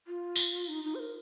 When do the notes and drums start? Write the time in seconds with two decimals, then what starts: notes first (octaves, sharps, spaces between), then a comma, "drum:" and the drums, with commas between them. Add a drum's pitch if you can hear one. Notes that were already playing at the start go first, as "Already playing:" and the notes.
0.07 F4
0.36 drum: tambourine
0.68 D#4
0.84 D#4
0.95 C5
1.00 A#4